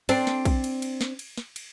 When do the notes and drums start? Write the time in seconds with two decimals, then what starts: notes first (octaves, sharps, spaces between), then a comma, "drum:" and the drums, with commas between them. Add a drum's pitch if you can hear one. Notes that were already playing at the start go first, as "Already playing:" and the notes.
0.09 C4 D4, drum: cymbal
0.27 drum: snare
0.45 drum: kick, cymbal
0.64 drum: cymbal
0.82 drum: cymbal
1.01 drum: snare
1.19 drum: cymbal
1.38 drum: snare
1.56 drum: cymbal